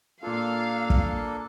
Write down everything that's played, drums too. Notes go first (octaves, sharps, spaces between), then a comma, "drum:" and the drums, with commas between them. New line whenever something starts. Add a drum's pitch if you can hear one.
A#2 A#3 D4 F4 A4 F5
drum: kick